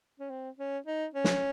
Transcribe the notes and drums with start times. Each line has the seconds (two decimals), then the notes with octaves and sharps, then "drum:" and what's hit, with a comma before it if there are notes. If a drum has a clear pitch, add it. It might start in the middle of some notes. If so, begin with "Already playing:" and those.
0.20 C#4
0.30 C4
0.59 C#4
0.87 D#4
1.15 C#4
1.24 drum: snare